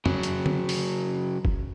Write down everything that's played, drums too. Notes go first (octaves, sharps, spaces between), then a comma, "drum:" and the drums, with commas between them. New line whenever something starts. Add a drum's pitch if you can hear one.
C#3 F#3, drum: tom
drum: hi-hat
drum: tom
drum: open hi-hat
drum: kick